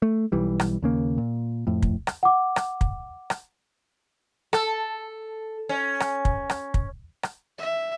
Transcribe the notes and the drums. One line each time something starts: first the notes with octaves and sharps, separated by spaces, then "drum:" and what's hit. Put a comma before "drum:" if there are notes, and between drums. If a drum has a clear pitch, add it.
A3
B1 E3 G3
drum: rim click
D#2 C#3 A#3
A#2
F2 A2
drum: kick
drum: rim click
F#5 D6
drum: rim click
drum: kick
drum: rim click
A4, drum: rim click
C#4
drum: rim click
drum: kick
drum: rim click
drum: kick
drum: rim click
E5